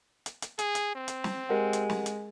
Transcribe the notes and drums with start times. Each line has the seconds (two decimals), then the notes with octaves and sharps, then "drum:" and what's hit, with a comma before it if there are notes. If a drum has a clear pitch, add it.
0.26 drum: hi-hat
0.42 drum: hi-hat
0.59 G#4, drum: hi-hat
0.75 drum: hi-hat
0.95 C4
1.08 drum: hi-hat
1.24 drum: snare
1.49 G#3 G4 A#4 F#5
1.73 drum: hi-hat
1.90 drum: snare
2.06 drum: hi-hat